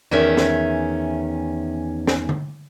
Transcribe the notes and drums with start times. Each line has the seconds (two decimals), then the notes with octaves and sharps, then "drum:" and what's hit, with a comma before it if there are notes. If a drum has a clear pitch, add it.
0.11 E2 D#3 C#4 E5
0.37 drum: snare
2.07 drum: snare
2.29 drum: tom D3